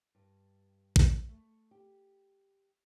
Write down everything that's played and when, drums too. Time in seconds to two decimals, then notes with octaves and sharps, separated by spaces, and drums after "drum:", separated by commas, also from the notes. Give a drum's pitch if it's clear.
0.15 G2
0.96 drum: kick
1.29 A3
1.71 G4